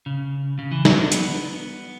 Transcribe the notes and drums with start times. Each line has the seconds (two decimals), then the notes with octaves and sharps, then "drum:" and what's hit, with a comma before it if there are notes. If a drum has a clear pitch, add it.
0.06 C#3
0.59 C#3
0.72 E3
0.85 F#3, drum: snare
0.98 D4
1.12 B3, drum: hi-hat